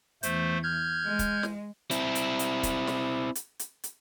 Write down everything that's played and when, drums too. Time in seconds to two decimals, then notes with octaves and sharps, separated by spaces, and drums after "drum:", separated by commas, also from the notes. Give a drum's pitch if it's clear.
0.23 E2 A3 C5, drum: hi-hat
0.63 F6 G6 G#6
1.04 G#3
1.19 drum: kick, hi-hat
1.43 drum: snare
1.91 C4 E4, drum: hi-hat
2.15 drum: hi-hat
2.39 drum: hi-hat
2.63 drum: kick, hi-hat
2.87 drum: snare
3.35 drum: hi-hat
3.59 drum: hi-hat
3.84 drum: hi-hat